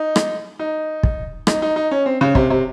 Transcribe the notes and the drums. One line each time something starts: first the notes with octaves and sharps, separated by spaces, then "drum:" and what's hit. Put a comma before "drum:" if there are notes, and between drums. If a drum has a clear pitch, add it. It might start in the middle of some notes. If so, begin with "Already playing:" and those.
Already playing: D#4
drum: rim click
D#4
drum: kick
D#4, drum: rim click
D#4
D#4
C#4
C4
C#3
C3, drum: kick
C3